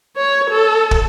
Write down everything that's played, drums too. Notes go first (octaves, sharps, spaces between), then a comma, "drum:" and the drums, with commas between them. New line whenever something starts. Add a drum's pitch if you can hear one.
C#5
A4
drum: kick